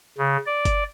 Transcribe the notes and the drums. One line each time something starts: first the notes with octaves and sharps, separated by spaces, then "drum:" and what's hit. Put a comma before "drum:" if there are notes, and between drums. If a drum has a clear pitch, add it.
C#3
D5
drum: kick G1, hi-hat